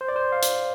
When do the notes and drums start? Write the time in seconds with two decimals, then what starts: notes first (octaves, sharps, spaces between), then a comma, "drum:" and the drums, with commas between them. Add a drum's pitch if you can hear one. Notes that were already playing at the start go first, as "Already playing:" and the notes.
0.01 C5
0.08 D5
0.16 C5
0.32 F5
0.43 drum: hi-hat